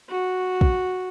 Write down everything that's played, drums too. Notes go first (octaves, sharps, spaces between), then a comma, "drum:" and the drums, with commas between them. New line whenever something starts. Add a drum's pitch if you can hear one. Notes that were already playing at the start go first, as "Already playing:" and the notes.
F#4
drum: kick